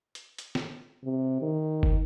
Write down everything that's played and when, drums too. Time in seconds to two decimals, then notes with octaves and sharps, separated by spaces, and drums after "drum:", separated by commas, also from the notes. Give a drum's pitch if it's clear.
0.15 drum: hi-hat
0.38 drum: hi-hat
0.55 drum: snare
1.04 C3
1.42 D#3
1.83 drum: kick